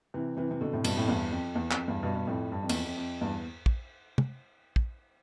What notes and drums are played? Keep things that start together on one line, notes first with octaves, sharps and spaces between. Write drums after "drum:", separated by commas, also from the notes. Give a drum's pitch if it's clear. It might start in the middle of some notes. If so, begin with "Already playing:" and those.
C3 E3
C3 E3
C3
B2 D3
A2 C3
G2 B2, drum: cymbal
F2 A2
E2 G2
F2
E2
F2, drum: clap
E2 G2
G2 B2
G2
F2 A2
G2
F2
E2, drum: cymbal
F2
F2
F2
E2 G2
drum: kick
drum: tom
drum: kick